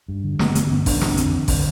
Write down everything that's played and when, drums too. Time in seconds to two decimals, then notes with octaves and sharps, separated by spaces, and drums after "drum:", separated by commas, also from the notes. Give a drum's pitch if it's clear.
0.08 G2
0.24 D3
0.39 G2 A3 B3, drum: snare
0.55 D3 A3 B3, drum: hi-hat
0.71 G2 B3 C#4
0.86 D3 D4, drum: kick A1, open hi-hat
1.01 D3 C4 D4, drum: snare
1.17 F2, drum: hi-hat
1.32 D3
1.48 D3, drum: kick A1, open hi-hat